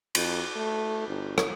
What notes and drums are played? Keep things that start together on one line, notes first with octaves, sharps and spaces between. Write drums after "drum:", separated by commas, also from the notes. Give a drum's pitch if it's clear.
F2, drum: cymbal
A3
G1
drum: rim click